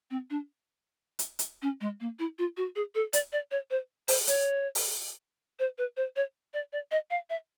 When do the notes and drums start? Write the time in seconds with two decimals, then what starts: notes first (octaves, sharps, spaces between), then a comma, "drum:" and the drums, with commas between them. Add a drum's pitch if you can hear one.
0.11 C4
0.30 D4
1.19 drum: hi-hat
1.39 drum: hi-hat
1.62 C#4
1.81 G#3
2.00 A#3
2.19 E4
2.39 F4
2.57 F#4
2.76 G#4
2.95 A4
3.13 D5, drum: hi-hat
3.32 D5
3.51 C#5
3.71 C5
4.08 C5, drum: open hi-hat
4.27 C#5, drum: hi-hat
4.75 drum: open hi-hat
5.59 C5
5.78 B4
5.97 C5
6.16 C#5
6.54 D5
6.73 D5
6.91 D#5
7.10 F5
7.30 E5